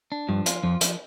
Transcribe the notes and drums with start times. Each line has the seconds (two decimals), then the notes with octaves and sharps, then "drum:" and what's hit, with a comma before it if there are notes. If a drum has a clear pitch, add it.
0.12 D4
0.29 G2 F3
0.46 F4, drum: hi-hat
0.63 F2 F3
0.81 F3, drum: hi-hat